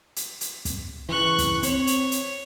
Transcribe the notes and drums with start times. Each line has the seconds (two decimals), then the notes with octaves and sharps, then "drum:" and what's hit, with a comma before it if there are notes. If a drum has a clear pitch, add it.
0.16 drum: hi-hat
0.41 drum: hi-hat
0.65 drum: kick, hi-hat
1.09 C#3 E3 C#6 F#6
1.38 drum: kick, hi-hat
1.63 C4 C#5, drum: hi-hat
1.87 drum: hi-hat
2.12 drum: hi-hat